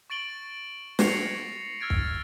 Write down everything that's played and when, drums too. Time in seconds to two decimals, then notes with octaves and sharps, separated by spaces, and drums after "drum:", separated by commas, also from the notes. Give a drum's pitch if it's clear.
0.10 C#6 A6 D7 F#7 G7
0.99 C#6 G#6 A#6 C7 C#7 F7, drum: snare
1.80 E6 F6 G#6 A6 D7
1.90 drum: kick